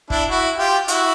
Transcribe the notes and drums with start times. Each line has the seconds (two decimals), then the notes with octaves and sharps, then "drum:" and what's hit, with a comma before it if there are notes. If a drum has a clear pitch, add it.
0.10 D4 E4, drum: kick
0.29 E4 F#4
0.58 F4 G4
0.88 E4 F#4, drum: hi-hat